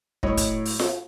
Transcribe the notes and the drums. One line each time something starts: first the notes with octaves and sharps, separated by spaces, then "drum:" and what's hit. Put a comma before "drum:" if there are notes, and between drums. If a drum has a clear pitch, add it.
A2 F#3 C#5 D#5, drum: kick
drum: kick, hi-hat
drum: open hi-hat
drum: snare F4